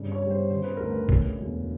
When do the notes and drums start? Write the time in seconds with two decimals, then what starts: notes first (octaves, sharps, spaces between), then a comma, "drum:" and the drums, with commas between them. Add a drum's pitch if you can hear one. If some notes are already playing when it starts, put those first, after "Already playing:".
Already playing: G2 C#3
0.12 C#5
0.22 G3
0.30 C5
0.50 C#3 C5
0.63 B4
0.77 D2 A#4
0.91 B4
1.09 C#3, drum: kick
1.38 E1